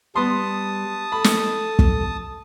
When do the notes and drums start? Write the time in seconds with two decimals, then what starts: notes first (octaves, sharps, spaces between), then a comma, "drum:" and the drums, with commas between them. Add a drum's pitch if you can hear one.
0.16 G3 B3 A5 C6 D#6
1.12 A4 B5
1.24 drum: snare
1.79 drum: kick